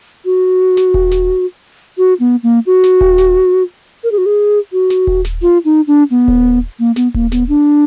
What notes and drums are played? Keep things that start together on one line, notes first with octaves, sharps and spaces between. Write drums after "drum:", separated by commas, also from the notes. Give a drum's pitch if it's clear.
F#4
drum: snare
drum: kick D#1
drum: snare
F#4
B3
A#3
F#4
drum: snare
drum: kick D#1
drum: snare
A#4
G#4
F#4
G#4
F#4
drum: snare
drum: kick D#1
drum: snare
F4
D#4
D4
B3
drum: kick D#1
A#3
B3, drum: snare
A#3, drum: kick D#1
B3, drum: snare
D4